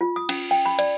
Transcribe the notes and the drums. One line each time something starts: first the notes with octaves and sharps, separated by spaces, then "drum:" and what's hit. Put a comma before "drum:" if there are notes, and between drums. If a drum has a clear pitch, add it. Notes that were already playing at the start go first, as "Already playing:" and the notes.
F4
D#6
C#4, drum: cymbal
G5
B5
D5, drum: cymbal